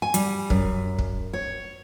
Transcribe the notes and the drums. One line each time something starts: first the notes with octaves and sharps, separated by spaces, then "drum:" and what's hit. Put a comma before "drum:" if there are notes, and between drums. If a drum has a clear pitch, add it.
G#5
G3, drum: hi-hat
F#2, drum: kick
drum: kick
C#5